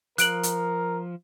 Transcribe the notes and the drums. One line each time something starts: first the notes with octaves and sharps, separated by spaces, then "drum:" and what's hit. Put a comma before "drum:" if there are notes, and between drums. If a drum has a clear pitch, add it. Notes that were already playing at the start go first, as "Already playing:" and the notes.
F3 A#4 F#6 D7 F#7, drum: hi-hat
drum: hi-hat